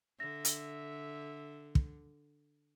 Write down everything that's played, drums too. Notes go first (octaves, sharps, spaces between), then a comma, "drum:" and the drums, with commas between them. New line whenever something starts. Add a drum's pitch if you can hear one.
D3 E5 A#6
drum: hi-hat
drum: kick